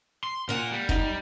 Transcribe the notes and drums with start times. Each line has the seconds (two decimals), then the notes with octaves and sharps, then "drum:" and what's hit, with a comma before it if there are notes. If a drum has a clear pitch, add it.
0.24 C6
0.49 A#2 A#3 A#4 F#5
0.71 G3
0.89 D#4, drum: kick